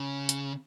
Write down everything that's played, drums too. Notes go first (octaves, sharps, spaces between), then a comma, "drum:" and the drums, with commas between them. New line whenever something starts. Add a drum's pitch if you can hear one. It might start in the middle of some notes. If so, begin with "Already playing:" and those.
Already playing: C#3
drum: hi-hat